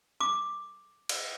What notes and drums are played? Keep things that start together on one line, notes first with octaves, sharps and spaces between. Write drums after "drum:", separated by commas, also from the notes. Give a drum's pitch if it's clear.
D6
drum: cymbal